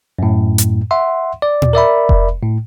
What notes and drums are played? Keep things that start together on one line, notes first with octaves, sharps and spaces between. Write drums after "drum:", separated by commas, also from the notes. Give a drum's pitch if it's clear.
F#2 A2
drum: hi-hat
E5 F#5 C6
D5
drum: tom
A#4 D5 E5 B5
drum: kick F1
A2